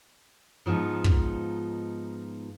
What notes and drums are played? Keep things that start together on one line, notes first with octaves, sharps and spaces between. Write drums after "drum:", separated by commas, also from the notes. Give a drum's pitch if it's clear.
G#2 F3 B3 D#4 F4
drum: kick